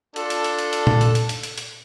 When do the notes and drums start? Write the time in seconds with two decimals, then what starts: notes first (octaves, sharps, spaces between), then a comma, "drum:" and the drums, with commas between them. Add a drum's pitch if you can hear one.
0.16 D4 F4 A4, drum: hi-hat
0.30 drum: hi-hat
0.44 drum: hi-hat
0.59 drum: hi-hat
0.73 drum: hi-hat
0.87 drum: tom A#2
1.01 drum: hi-hat
1.15 drum: hi-hat
1.29 drum: hi-hat
1.43 drum: hi-hat
1.58 drum: hi-hat